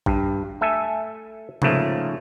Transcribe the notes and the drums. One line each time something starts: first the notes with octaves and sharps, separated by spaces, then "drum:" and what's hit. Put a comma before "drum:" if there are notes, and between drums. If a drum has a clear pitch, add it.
G2, drum: kick A1
A3 A4 E5 G#5
G#2 C#3 F3 A3 A#3, drum: tom C3